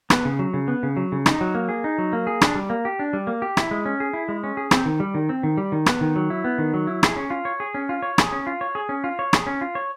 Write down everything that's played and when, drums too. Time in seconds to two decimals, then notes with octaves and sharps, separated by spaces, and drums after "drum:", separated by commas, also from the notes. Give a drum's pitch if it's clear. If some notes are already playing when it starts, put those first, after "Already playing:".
0.10 B3, drum: rim click
0.25 C#3
0.39 F#3
0.54 C#3
0.68 B3
0.83 C#3
0.97 F#3
1.12 C#3
1.26 D#4, drum: rim click
1.41 F#3
1.55 A#3
1.69 G#4
1.84 D#4
1.98 F#3
2.13 A#3
2.27 G#4
2.41 D4, drum: rim click
2.55 G3
2.70 A#3
2.85 G4
2.99 D4
3.13 G3
3.27 A#3
3.42 G4
3.57 E4, drum: rim click
3.71 G#3
3.85 C#4
4.00 G#4
4.13 E4
4.29 G#3
4.43 C#4
4.57 G#4
4.71 C4, drum: rim click
4.86 D#3
5.00 G3
5.14 D#3
5.29 C4
5.43 D#3
5.58 G3
5.72 D#3
5.86 B3, drum: rim click
6.01 D#3
6.16 F#3
6.30 E4
6.44 B3
6.58 D#3
6.74 F#3
6.87 E4
7.03 G#4, drum: rim click
7.17 C#4
7.30 F4
7.45 C#5
7.60 G#4
7.74 C#4
7.89 F4
8.02 C#5
8.18 G#4, drum: rim click
8.32 C#4
8.47 F4
8.61 C#5
8.75 G#4
8.89 C#4
9.04 F4
9.19 C#5
9.33 G#4, drum: rim click
9.47 C#4
9.61 F4
9.75 C#5